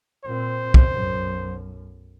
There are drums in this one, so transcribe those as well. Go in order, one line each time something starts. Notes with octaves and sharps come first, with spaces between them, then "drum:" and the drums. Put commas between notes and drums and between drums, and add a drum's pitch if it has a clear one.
A#2 C4 C5
drum: kick
B1 F#2